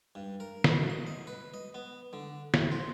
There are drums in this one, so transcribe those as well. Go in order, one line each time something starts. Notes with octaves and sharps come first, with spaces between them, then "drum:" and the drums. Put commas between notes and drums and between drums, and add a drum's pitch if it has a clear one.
G2
A#4
B2, drum: snare
D#6
D#5
B4
D#5
B3
D3
E2, drum: snare
C5